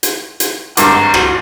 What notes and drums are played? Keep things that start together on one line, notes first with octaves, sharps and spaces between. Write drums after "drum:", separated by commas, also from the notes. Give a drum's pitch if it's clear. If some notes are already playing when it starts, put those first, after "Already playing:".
drum: hi-hat
drum: hi-hat
G#1 G2 F#5 A#5 D6, drum: hi-hat
F4 F#4, drum: rim click